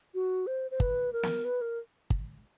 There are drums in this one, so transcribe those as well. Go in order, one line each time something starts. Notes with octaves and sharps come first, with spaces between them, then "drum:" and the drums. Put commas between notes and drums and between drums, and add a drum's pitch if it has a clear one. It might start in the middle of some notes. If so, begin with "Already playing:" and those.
F#4
C5
C5
B4, drum: kick
A#4
drum: snare
B4
A#4
drum: kick